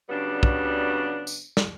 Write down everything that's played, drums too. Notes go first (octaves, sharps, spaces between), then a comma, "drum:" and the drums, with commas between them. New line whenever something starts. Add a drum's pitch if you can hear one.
C#3 F#3 G3 B3 D4
drum: kick
drum: tambourine
drum: snare